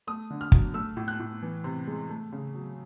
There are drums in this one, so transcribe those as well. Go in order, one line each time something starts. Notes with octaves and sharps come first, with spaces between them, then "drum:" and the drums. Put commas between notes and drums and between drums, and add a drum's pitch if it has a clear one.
A3 D#6
D3
F6
F#3, drum: kick
A3 E6
A2
F#6
A2
E3
C3
G#3
A3
C#3
F#3